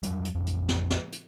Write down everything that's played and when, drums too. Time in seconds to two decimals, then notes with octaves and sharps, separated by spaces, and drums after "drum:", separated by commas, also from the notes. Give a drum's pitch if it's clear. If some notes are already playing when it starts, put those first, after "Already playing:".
0.03 F2 F#3 G3, drum: hi-hat
0.25 drum: hi-hat
0.35 A1 F2
0.47 drum: hi-hat
0.69 drum: snare
0.90 drum: snare
1.12 drum: hi-hat